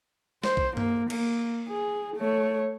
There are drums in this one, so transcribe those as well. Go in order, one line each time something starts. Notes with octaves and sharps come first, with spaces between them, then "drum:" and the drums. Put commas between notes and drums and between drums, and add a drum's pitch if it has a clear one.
C5, drum: snare
drum: kick B1
A#3, drum: tom G2
A#3, drum: cymbal
G#4
A3 C#5